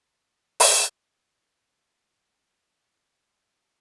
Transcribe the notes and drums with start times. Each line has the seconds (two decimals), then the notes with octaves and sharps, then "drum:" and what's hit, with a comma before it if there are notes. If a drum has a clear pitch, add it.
0.06 D4 B4 G5
0.60 drum: open hi-hat
1.08 E2 F4 G4 D6
2.75 G#3 D5